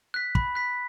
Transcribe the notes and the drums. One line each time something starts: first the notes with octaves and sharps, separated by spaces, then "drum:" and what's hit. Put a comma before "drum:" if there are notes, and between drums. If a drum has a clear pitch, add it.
F#6 B6
B5, drum: kick
F#6 B6